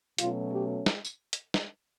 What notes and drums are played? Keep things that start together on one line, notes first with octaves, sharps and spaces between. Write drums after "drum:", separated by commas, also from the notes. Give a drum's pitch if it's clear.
B2 F#3 A3 C#4 F4, drum: hi-hat
G4
drum: snare
drum: tambourine
drum: hi-hat
drum: snare